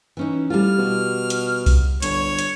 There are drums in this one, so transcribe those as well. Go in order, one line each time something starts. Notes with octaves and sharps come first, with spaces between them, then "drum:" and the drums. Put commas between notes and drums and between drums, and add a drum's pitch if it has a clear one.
E3 C#4 D#4
A2 G3 F4 F6
B2
drum: hi-hat
drum: kick C2, open hi-hat
G1 C#5, drum: hi-hat
drum: hi-hat